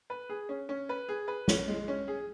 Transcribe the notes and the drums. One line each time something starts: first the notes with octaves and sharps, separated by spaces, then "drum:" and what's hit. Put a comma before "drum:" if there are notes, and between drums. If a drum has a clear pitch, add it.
B4
G#4
C#4
C#4
B4
G#4
B4
C#4, drum: snare
G#3
C#4
G#4